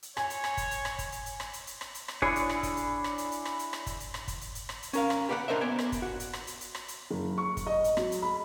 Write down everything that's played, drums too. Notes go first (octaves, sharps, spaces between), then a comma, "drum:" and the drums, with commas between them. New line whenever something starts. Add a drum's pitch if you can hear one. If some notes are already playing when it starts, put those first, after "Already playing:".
drum: hi-hat
C#5 G#5, drum: rim click
drum: hi-hat
drum: rim click
drum: kick, hi-hat
drum: hi-hat
drum: rim click
drum: kick, hi-hat
drum: hi-hat
drum: hi-hat
drum: rim click
drum: hi-hat
drum: hi-hat
drum: rim click
drum: hi-hat
drum: rim click
D4 E4 G#4 C#5, drum: kick
drum: hi-hat
drum: rim click
drum: kick, hi-hat
drum: hi-hat
drum: rim click
drum: hi-hat
drum: hi-hat
drum: rim click
drum: hi-hat
drum: rim click
drum: kick, hi-hat
drum: hi-hat
drum: rim click
drum: kick, hi-hat
drum: hi-hat
drum: hi-hat
drum: rim click
drum: hi-hat
C#4 A#4 F5, drum: hi-hat
drum: rim click
G4 B4 D5 F5 F#5
D4 A#4 C5 D#5 E5
B3 D5 G#5
drum: rim click
drum: kick, hi-hat
F#4
drum: hi-hat
drum: rim click
drum: hi-hat
drum: hi-hat
drum: rim click
drum: hi-hat
F#1
C#6
drum: kick, hi-hat
D#5
drum: hi-hat
F#3, drum: rim click
drum: hi-hat
B5